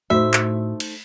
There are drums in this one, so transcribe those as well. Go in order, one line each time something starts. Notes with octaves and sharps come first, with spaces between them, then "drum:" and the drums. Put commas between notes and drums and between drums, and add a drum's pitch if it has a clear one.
A2 A3 D#4 F#4 C5 E5
drum: clap
drum: cymbal